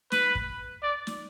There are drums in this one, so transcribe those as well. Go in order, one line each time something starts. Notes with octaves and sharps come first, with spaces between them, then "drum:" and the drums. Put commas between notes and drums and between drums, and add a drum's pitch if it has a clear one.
B4, drum: snare
drum: kick
D5
drum: snare